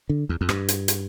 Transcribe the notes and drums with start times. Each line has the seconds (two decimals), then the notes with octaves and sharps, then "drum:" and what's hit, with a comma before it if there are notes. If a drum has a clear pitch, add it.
0.09 D3
0.29 E2
0.41 F2
0.49 G2, drum: rim click
0.68 drum: hi-hat
0.88 drum: hi-hat